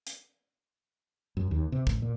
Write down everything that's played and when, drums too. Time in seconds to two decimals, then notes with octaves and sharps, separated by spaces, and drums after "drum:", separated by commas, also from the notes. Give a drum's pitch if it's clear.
0.07 drum: hi-hat
1.37 F#2
1.51 D#2
1.72 C3
1.87 A1, drum: kick
2.02 A#2